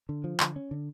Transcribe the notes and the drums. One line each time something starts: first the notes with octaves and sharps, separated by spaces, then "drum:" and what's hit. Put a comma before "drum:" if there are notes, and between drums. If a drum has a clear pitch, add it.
D3
F3
D3, drum: clap
C#4
D3